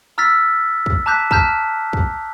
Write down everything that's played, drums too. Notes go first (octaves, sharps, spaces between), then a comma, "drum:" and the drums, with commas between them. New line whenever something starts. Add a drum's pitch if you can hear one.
A#5 E6 F6 A6 B6
drum: kick
A5 A#5 D6 F#6 G6 B6
A5 A#5 F6 G6 B6, drum: kick
drum: kick